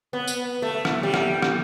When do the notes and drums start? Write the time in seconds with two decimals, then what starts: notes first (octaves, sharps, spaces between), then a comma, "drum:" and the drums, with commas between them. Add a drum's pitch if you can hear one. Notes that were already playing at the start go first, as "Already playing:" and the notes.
0.13 B3
0.28 drum: tambourine
0.62 A3
0.85 drum: rim click
1.03 G3
1.14 drum: rim click
1.42 drum: rim click